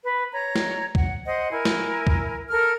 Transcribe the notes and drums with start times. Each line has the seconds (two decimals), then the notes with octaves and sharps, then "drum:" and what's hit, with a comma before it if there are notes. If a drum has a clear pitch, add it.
0.01 B4
0.31 C#5 A#5
0.56 drum: snare
0.95 F#5, drum: kick
1.25 C5 D#5 F#5
1.51 E4 A#4 G#5
1.65 drum: snare
2.07 drum: kick
2.49 A4 A#4 F6